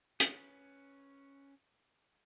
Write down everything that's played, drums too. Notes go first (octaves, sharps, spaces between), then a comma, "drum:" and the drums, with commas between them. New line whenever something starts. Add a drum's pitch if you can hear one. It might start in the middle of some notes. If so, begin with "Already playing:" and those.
C#4 B4, drum: hi-hat